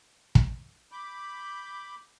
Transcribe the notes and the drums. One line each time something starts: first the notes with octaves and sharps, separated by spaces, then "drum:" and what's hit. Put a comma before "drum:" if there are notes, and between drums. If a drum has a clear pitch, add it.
drum: kick
B5 D6 G6